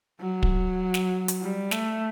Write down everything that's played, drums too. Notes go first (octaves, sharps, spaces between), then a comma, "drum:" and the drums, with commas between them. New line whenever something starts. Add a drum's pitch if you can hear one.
F#3
drum: kick
drum: snare
drum: hi-hat
G3
A3, drum: snare